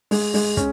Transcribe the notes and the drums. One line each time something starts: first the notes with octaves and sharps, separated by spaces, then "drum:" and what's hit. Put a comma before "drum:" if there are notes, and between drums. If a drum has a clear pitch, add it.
G#3, drum: open hi-hat
G#3, drum: open hi-hat
C#4, drum: kick, hi-hat